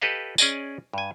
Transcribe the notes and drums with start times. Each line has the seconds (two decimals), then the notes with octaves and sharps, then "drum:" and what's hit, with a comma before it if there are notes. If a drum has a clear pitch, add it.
0.01 G4 A4 B4 D#5 F5
0.38 C#4 G#4 D5 D#5 G#5, drum: tambourine
0.93 G2 G#5